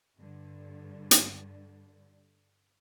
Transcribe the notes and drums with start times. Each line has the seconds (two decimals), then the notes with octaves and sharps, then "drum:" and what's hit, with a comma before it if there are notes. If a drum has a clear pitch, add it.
0.18 G2 D3
1.11 drum: hi-hat